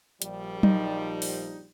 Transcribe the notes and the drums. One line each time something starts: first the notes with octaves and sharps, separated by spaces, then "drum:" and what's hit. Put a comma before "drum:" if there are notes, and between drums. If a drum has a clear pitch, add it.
A#1 F3 G3, drum: hi-hat
D#4, drum: tom F#3
drum: open hi-hat